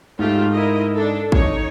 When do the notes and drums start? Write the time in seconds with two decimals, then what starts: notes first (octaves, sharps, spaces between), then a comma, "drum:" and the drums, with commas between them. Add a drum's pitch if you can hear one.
0.19 G#2 A3 F4 G4
0.53 E4 A#4 D#5
0.94 D4 A4
1.32 D#4 C#5, drum: kick